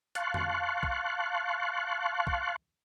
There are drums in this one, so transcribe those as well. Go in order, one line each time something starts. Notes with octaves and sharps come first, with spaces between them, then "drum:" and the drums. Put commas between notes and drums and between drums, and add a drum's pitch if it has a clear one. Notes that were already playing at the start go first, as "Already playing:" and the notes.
F5 A5 C6 C#6 F#6, drum: hi-hat
drum: tom F2
drum: kick
drum: kick